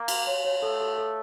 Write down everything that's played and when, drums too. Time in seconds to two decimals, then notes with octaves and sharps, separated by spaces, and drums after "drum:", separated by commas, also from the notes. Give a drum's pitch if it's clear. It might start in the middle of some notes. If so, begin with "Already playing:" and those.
Already playing: A#3
0.08 F5, drum: cymbal
0.27 C#5
0.45 C#5
0.62 A3 A4
0.81 A4
0.98 A4